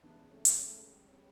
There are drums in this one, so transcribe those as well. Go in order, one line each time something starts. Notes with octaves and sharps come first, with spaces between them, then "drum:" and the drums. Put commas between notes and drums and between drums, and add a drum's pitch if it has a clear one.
C#2 C#3 E3 B3 D4
A3 C#4
drum: hi-hat
C#2 C#3 E3 A3 C#4
G3
C#4
G3 B3